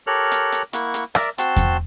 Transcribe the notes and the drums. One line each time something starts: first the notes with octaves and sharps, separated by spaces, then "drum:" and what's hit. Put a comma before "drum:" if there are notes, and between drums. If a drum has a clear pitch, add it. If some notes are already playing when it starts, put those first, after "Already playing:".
G4 A4 A#4 C#5 F6 F#6
drum: hi-hat
drum: hi-hat
A#3 E4 F#5 C#6, drum: hi-hat
drum: hi-hat
A#4 D5 E5, drum: rim click
C4 F#4 A5 C6, drum: hi-hat
drum: kick E2, hi-hat